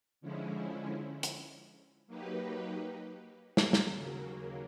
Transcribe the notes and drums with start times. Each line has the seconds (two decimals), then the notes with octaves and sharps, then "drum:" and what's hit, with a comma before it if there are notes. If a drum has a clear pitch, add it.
0.21 D3 F3 G#3 C#4 E4
1.23 drum: hi-hat
2.07 F#3 A#3 D#4 G4 B4
3.57 drum: snare
3.73 drum: snare
3.93 D#2 C#3 F#3 A#3